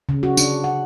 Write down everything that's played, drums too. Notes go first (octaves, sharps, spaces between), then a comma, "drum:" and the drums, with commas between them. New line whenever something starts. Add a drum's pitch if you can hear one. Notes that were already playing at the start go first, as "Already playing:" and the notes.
C#3
F#4
D4, drum: tambourine
F#5